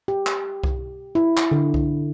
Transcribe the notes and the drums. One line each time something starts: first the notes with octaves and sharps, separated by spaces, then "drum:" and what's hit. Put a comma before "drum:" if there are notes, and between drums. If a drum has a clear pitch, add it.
G4
drum: clap
drum: kick C2
E4
drum: clap
D3
drum: kick C2